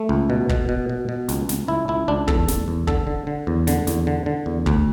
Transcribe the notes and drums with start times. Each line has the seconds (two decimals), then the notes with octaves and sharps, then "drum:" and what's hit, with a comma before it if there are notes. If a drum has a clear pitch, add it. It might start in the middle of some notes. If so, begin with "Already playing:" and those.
Already playing: A3
0.09 C#2
0.30 B2
0.49 B2, drum: kick
0.69 B2
0.89 B2
1.09 B2
1.29 C#2, drum: snare
1.49 C#2, drum: snare
1.68 C#2 E4
1.88 C#2 E4
2.08 C#2 D4
2.28 E2 A4, drum: kick
2.48 E2, drum: snare
2.68 E2
2.87 D3 A4, drum: kick
3.07 D3
3.27 D3
3.47 E2
3.67 D3, drum: snare
3.87 E2, drum: snare
4.07 D3
4.26 D3
4.46 E2
4.66 D2, drum: kick